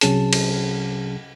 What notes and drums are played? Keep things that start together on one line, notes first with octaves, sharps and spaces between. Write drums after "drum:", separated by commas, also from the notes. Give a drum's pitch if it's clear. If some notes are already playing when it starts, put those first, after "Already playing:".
C2 C3 F#3 C#4 G#4 A5, drum: hi-hat
drum: cymbal